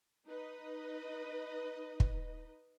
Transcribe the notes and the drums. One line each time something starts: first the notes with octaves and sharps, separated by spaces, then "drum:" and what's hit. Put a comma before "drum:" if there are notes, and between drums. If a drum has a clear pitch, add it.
D#4 B4 D#5
drum: kick